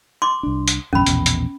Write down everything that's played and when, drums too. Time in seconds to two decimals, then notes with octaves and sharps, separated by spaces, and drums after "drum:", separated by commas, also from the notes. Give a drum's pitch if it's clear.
0.22 C6 D6
0.43 C2 D4
0.68 drum: hi-hat
0.93 A#1 E2 G2 C#4 B5
1.06 A#1 E2 B2, drum: hi-hat
1.26 drum: hi-hat